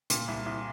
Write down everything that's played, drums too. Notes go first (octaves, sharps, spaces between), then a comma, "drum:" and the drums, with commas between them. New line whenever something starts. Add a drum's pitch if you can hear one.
A#2, drum: hi-hat
C2
C2